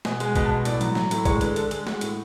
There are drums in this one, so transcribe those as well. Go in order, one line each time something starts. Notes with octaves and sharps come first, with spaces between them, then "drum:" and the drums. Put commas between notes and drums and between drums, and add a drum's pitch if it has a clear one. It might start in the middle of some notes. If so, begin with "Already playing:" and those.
B2 G#5, drum: snare
G#3, drum: hi-hat
G#5
B2, drum: kick A#1, hi-hat
A5
B2
A2 D5, drum: hi-hat
F#3, drum: hi-hat
F#3, drum: snare
A2, drum: hi-hat
G#3 C#5, drum: kick A#1, hi-hat
D3 B4, drum: hi-hat
D3 A4, drum: hi-hat
G#3 G#4, drum: hi-hat
G#3 F#4, drum: snare
A2, drum: hi-hat